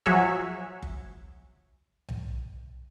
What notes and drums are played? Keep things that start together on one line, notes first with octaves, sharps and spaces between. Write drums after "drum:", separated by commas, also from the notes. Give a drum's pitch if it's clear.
F3 F#3 F#4 G#4 C#5 E5
drum: kick F#1
drum: tom B1